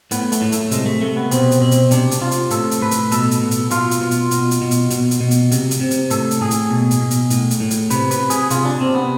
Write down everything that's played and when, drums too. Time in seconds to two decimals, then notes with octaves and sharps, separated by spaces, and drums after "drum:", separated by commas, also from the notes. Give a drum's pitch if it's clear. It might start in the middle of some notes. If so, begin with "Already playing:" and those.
0.11 A2 B3, drum: hi-hat
0.32 A3, drum: hi-hat
0.41 A2
0.52 A3, drum: hi-hat
0.71 C3 G#3, drum: hi-hat
0.86 A3
1.02 C3 A3
1.17 B3
1.31 B2 C4, drum: hi-hat
1.51 drum: hi-hat
1.61 B2 C4
1.71 drum: hi-hat
1.91 C3 D4, drum: hi-hat
2.11 drum: hi-hat
2.21 C3 F4
2.31 drum: hi-hat
2.51 A2 A4, drum: hi-hat
2.71 drum: hi-hat
2.81 A2 B4
2.91 drum: hi-hat
3.12 B2 A4, drum: hi-hat
3.31 drum: hi-hat
3.41 B2
3.51 drum: hi-hat
3.71 B2 F4, drum: hi-hat
3.91 drum: hi-hat
4.01 B2
4.11 drum: hi-hat
4.31 B2, drum: hi-hat
4.51 drum: hi-hat
4.62 B2
4.71 drum: hi-hat
4.90 B2, drum: hi-hat
5.11 drum: hi-hat
5.21 B2
5.31 drum: hi-hat
5.52 C3, drum: hi-hat
5.71 drum: hi-hat
5.81 C3
5.91 drum: hi-hat
6.10 A2 A4, drum: hi-hat
6.31 drum: hi-hat
6.41 A2 G#4
6.51 drum: hi-hat
6.70 B2
6.91 drum: hi-hat
7.01 B2
7.11 drum: hi-hat
7.30 A2, drum: hi-hat
7.51 drum: hi-hat
7.60 A2
7.71 drum: hi-hat
7.90 C3 B4, drum: hi-hat
8.11 B4, drum: hi-hat
8.20 C3
8.30 G#4, drum: hi-hat
8.50 C3 F4, drum: hi-hat
8.65 D4
8.80 C3 C4
8.95 B3